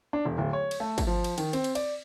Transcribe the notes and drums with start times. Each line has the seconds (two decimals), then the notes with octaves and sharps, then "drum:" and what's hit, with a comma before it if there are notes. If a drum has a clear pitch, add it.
0.13 D4
0.25 E1
0.38 D1
0.53 C#5
0.71 drum: cymbal
0.80 A3
0.98 drum: kick, cymbal
1.07 F3
1.24 drum: cymbal
1.38 D#3, drum: cymbal
1.53 C4, drum: cymbal
1.64 drum: cymbal
1.75 D5, drum: cymbal